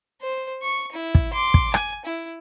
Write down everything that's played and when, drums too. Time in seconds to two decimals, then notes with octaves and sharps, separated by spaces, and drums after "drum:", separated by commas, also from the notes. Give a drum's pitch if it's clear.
0.21 C5
0.62 C#6
0.92 E4
1.15 drum: kick
1.33 C6 D6
1.54 drum: kick
1.74 G#5, drum: rim click
2.05 E4